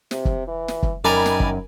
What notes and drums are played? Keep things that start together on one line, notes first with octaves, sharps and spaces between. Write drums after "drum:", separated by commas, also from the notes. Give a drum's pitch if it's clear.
C3, drum: snare
drum: kick
E3
drum: snare
drum: kick
F#2 D#3 A#4 D5 G#5 A#5 B5
drum: snare
drum: kick